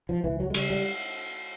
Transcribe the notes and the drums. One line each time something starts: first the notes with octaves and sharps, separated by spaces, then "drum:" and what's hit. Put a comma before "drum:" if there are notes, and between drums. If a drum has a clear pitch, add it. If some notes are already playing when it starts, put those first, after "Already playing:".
F3
C#2 E3
F#3
G#3
C#3 G3, drum: cymbal
G3